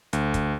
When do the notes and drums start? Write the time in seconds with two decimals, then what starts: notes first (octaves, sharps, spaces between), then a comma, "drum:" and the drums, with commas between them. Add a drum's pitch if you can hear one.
0.13 D2, drum: hi-hat
0.34 drum: kick, hi-hat